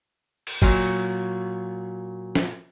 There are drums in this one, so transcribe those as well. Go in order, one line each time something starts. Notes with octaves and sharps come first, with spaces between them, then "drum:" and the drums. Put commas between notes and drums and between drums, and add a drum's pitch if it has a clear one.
drum: cymbal
A#2 F#3, drum: kick
drum: snare